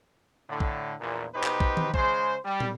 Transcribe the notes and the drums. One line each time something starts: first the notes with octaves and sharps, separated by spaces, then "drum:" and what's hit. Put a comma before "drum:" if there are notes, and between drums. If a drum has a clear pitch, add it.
A2 D3
drum: kick
A#1 E2 A#2
B2 D#4 G4 B4 C5
drum: clap
drum: kick
drum: tom D#3
C#3 G#3 C5, drum: kick
G3
drum: tom